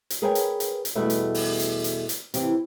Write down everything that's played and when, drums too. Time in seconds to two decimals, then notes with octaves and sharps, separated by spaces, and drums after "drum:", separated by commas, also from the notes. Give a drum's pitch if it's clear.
0.10 drum: hi-hat
0.22 G#4 A#4 B4 C#5 G5 G#5
0.35 drum: hi-hat
0.60 drum: hi-hat
0.85 drum: hi-hat
0.95 E2 B2 G3 A3 B4 E5
1.10 drum: hi-hat
1.34 drum: open hi-hat
1.59 drum: hi-hat
1.84 drum: hi-hat
2.09 drum: hi-hat
2.34 C3 E3 G4, drum: hi-hat